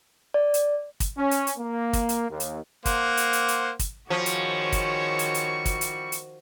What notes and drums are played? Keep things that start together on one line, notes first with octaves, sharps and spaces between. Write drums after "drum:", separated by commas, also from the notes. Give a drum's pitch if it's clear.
D5
drum: hi-hat
drum: kick, hi-hat
C#4
drum: hi-hat
drum: hi-hat
A#3
drum: kick, hi-hat
drum: hi-hat
D#2
drum: hi-hat
A#3 C5 F#5, drum: kick, hi-hat
drum: hi-hat
drum: hi-hat
drum: hi-hat
drum: kick, hi-hat
D#3 F3 G3 F#4 G#4 C5 C#5 C#6
drum: hi-hat
drum: kick, hi-hat
drum: hi-hat
drum: hi-hat
drum: kick, hi-hat
drum: hi-hat
drum: hi-hat